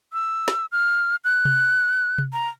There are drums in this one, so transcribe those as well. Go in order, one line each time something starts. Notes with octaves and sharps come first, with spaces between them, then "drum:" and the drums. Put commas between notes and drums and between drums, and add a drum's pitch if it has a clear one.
E6
drum: snare
F6
F#6
drum: tom C3
drum: tom C3
A#5